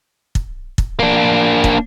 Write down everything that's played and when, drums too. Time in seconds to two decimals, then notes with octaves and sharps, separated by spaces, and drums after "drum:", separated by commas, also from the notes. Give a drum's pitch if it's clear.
0.35 drum: kick
0.78 drum: kick
1.00 A#3 D4
1.64 drum: kick